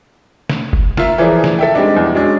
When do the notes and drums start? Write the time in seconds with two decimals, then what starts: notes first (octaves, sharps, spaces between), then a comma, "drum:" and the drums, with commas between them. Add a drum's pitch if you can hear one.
0.49 drum: snare
0.73 drum: kick F1
0.97 F4 A#4 E5, drum: snare
1.18 E3 F3 E4 G#4 A#4 D5
1.44 drum: snare
1.59 A4 E5 G5
1.74 G3 G#3 C4 D4 D#4
1.96 E2
2.15 F#3 G#3 C#4 D4